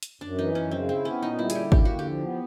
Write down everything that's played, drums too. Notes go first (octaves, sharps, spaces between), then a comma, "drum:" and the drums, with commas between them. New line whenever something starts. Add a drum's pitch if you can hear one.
drum: hi-hat
F#2 D4
E3 D#4
F#2 C#4
C#3 C4
C4 E4
B3 C#4
A#2 D#4
G3 E4
G#4, drum: hi-hat
D3 G4
A#3 G4, drum: kick G#1
D3 F#4
G4
F3
B3